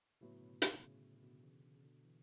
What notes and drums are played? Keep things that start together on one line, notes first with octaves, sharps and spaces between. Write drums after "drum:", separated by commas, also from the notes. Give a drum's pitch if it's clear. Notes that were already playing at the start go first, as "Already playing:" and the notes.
A2 C#3 F#3 B3 E4
B2 D3
C#3, drum: hi-hat
C#3
C#3
C#3
B2 D3
C#3 E3
C#3
B2 D3
E3